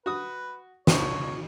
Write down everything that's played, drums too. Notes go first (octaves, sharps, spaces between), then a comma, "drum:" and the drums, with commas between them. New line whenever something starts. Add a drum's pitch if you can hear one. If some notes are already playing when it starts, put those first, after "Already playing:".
F#4 B4 D#6
C#2 F3 C#5, drum: snare